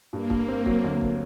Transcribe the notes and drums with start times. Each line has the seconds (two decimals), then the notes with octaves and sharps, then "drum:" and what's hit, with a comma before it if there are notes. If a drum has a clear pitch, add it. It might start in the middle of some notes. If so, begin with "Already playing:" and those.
0.13 G2 A#3
0.30 G2, drum: kick
0.48 C4
0.66 F#3, drum: kick
0.84 D2
1.01 drum: kick